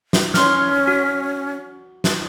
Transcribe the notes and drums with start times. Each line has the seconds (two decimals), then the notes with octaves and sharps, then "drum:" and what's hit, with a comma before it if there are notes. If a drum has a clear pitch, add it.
0.13 drum: snare
0.34 C#4 C6 F6, drum: snare
0.87 F#4
2.04 drum: snare